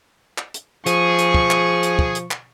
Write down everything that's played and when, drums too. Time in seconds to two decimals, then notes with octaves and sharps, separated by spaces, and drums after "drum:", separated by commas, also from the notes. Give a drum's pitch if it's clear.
0.38 drum: clap
0.54 drum: hi-hat
0.86 F3 G#4 C#6, drum: hi-hat
1.18 drum: hi-hat
1.34 drum: kick
1.51 drum: clap
1.83 drum: hi-hat
1.99 drum: kick
2.15 drum: hi-hat
2.31 drum: clap